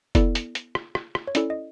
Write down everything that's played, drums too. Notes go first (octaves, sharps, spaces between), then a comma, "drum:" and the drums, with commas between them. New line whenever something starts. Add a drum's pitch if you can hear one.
B3 E4 A4 D5, drum: kick F1, hi-hat
drum: hi-hat
drum: hi-hat
drum: rim click
drum: rim click
drum: rim click
C#5
C#4 E4 A4 D5, drum: hi-hat
D#5